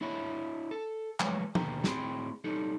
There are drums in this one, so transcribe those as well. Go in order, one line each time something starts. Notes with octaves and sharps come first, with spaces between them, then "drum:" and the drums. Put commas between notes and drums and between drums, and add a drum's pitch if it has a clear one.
D4 E4 C#5 E5 F#5 B5
A4
F3 F#3 G#3 A3 B4 C#5, drum: clap
D#2 B2 D3 B3 G5 A#5, drum: tom
A2 C4 G#4 G5 B5 C6, drum: snare
G3 D#4 A4